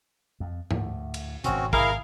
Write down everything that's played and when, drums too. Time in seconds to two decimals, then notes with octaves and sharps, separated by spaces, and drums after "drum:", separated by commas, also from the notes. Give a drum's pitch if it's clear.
0.40 F2
0.71 D2 A2, drum: tom G#2
1.14 drum: cymbal
1.44 G#1 B2 C4 C#4 F#4, drum: hi-hat
1.73 E4 G#4 A#4 F5, drum: kick